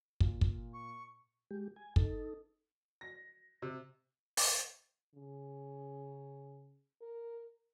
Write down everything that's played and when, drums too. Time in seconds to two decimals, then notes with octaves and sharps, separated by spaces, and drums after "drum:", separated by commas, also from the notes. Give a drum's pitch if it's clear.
0.20 A#2, drum: kick
0.41 drum: kick
0.73 C#6
1.51 G#3 G4
1.76 G#5
1.96 D#4 A4, drum: kick
3.01 A#6
3.62 C3
4.37 drum: open hi-hat
5.14 C#3
7.02 A#4